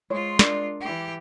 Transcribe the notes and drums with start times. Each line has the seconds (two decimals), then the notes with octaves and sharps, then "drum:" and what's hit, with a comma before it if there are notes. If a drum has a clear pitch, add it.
0.10 G#3 F4 C5 C#5
0.39 D4 A#4 D5, drum: snare
0.80 E3 G4